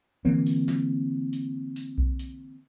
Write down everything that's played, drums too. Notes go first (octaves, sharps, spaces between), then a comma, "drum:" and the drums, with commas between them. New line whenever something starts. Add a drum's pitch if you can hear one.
D3 E3 A#3 C4
drum: open hi-hat
drum: snare
drum: hi-hat
drum: hi-hat
drum: kick B1
drum: hi-hat